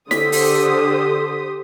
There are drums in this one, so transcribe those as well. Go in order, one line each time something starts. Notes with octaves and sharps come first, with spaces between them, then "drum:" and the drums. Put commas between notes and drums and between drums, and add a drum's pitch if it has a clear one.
D3 G4 A4 C5 D#6 B6, drum: snare
drum: open hi-hat